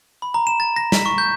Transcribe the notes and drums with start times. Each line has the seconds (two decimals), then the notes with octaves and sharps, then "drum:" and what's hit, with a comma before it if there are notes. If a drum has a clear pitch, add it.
0.22 B5
0.34 A#5
0.47 E7
0.60 A6
0.76 A#6
0.92 B6, drum: snare
1.06 C#6
1.18 G6